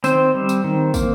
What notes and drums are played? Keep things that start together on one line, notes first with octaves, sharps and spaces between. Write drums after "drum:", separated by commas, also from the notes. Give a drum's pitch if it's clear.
D#3 C4 C5, drum: tambourine
G3
drum: tambourine
D#3
A#3, drum: kick, tambourine